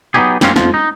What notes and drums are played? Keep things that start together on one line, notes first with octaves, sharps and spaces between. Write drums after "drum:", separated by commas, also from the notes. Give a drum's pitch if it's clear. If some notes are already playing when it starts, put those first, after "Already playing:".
F#3 B3 D4 D#4 G4 G#4
F#2 G3 C4 C#4 F4 F5, drum: snare
F2 F3, drum: snare
D#4